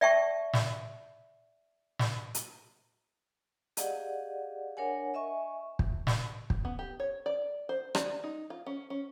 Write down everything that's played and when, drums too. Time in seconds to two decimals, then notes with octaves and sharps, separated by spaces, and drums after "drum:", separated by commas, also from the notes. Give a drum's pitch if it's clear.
0.01 D5 E5 G5 A5 C#6
0.53 drum: snare
1.99 drum: snare
2.35 drum: hi-hat
3.77 G4 G#4 D5 D#5 F5 F#5, drum: hi-hat
4.77 D4 A#4 C#5 F#5 G#5
5.14 D#5 E5 G#5 C#6
5.79 drum: kick
6.07 drum: snare
6.50 drum: kick
6.65 B3
6.79 G4
7.00 C#5
7.26 D5
7.69 C5
7.95 D5, drum: rim click
8.24 D#4
8.50 F4
8.66 C#4
8.90 C#4